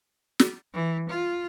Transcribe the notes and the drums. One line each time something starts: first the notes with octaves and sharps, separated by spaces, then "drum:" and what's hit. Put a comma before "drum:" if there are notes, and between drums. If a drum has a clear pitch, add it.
drum: snare
E3
F4